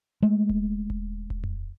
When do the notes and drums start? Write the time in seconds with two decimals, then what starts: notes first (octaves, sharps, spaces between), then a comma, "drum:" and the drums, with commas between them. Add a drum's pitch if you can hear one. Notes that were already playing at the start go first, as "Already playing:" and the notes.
0.22 G#3 A3
0.49 drum: kick D#1
0.90 drum: kick D#1
1.30 drum: kick D#1
1.44 drum: tom F2